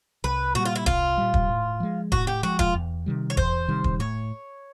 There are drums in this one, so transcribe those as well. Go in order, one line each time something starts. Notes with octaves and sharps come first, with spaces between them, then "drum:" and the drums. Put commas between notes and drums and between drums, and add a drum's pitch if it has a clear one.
C2 B4
A#2 G3 F#4
F4
E4
C2 F4, drum: kick
A#2 G3
drum: kick
A2
F3 G#3
A2 F#4, drum: kick
G4
F3 G#3 F#4
F4, drum: kick
E2
C3 D#3 G3
C#5
E2 C5, drum: kick
C3 D#3 G3
drum: kick
A2 C#5